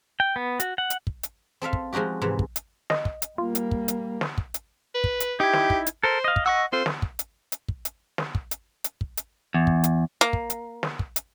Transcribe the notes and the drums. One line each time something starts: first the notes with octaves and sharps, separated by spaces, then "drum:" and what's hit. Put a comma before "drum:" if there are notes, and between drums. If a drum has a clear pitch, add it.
G5
B3
F#4, drum: hi-hat
F#5
drum: hi-hat
drum: kick
drum: hi-hat
C4 A4 E5 F5
drum: kick
F3 G#3 D#4 F#4 G4
G#2 C3 E3
drum: kick
drum: hi-hat
D#5, drum: snare
drum: kick
drum: hi-hat
G3 A#3 F4
drum: hi-hat
drum: kick
drum: hi-hat
drum: snare
drum: kick
drum: hi-hat
B4
drum: kick
drum: hi-hat
D#4 E4 G4
drum: snare
drum: kick
drum: hi-hat
A4 A#4 C5
D#5 F5
drum: kick
D#5 F#5 C#6 E6
C4 F4 A4 C5
drum: snare
drum: kick
drum: hi-hat
drum: hi-hat
drum: kick
drum: hi-hat
drum: snare
drum: kick
drum: hi-hat
drum: hi-hat
drum: kick
drum: hi-hat
E2
drum: kick
drum: hi-hat
A#3
drum: kick
drum: hi-hat
drum: snare
drum: kick
drum: hi-hat